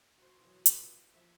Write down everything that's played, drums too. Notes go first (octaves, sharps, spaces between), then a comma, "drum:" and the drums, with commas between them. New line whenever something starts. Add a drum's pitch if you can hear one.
F#4 C5
B2 E3 F#3
B3 E4 B4, drum: hi-hat
A#2
F3 E5